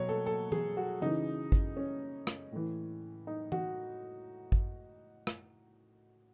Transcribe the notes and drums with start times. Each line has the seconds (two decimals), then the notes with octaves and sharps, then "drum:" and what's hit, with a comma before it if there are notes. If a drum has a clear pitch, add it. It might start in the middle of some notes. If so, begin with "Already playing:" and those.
Already playing: B2 F#3 C#5
0.09 A4
0.26 A4
0.52 G#4, drum: tom E3
0.77 F#4
1.02 C#3 E3 D#4
1.52 drum: kick G#1
1.77 C#4
2.27 drum: rim click
2.52 A2 E3
3.27 D#4
3.52 F#4, drum: tom E3
4.52 drum: kick G#1
5.27 drum: rim click